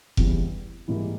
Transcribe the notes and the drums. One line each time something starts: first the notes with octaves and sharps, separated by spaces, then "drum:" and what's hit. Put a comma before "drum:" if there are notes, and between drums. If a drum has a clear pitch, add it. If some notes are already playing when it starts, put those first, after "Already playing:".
E2 C#3 E3 G3 B3, drum: kick F1
G#2 E3 G3 A#3 E4